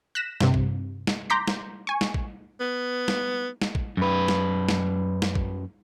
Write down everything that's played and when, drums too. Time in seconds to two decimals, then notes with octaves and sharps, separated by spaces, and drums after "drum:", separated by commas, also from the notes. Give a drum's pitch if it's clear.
0.15 F#6 A#6 B6 E7
0.41 G2 C3, drum: snare
0.54 drum: kick
1.07 drum: snare
1.30 A#5 C6 D6 G6 A#6 B6
1.48 drum: snare
1.87 G#5 C#6
2.01 drum: snare
2.14 drum: kick
2.60 B3
3.08 drum: snare
3.62 drum: snare
3.75 drum: kick
3.97 F#2 B4
4.28 drum: snare
4.69 drum: snare
5.22 drum: snare
5.35 drum: kick